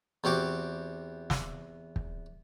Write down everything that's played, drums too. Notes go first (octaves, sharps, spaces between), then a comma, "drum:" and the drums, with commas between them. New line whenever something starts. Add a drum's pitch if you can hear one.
E2 C4 F#4 G4 D6
drum: snare
drum: kick